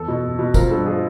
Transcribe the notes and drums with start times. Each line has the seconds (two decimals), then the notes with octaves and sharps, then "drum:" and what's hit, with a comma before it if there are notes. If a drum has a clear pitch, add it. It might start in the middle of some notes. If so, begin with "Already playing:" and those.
Already playing: E2 A4
0.08 B2
0.24 E2
0.39 B2
0.54 F3 A#4, drum: kick, tambourine
0.70 G2 A4
0.86 F3 G#4